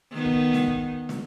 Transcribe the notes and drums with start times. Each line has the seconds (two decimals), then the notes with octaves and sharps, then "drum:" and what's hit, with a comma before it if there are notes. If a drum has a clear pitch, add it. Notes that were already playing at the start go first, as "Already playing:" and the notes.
0.11 D#3 B3
0.25 drum: kick
0.53 drum: snare
0.67 drum: kick
1.09 drum: snare